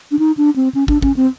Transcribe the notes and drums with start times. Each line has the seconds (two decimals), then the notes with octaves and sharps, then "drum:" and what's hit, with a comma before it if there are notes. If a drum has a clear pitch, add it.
0.11 D4
0.19 D#4
0.37 D4
0.56 C4
0.75 C#4
0.88 D4, drum: kick
1.02 C#4, drum: kick
1.17 C4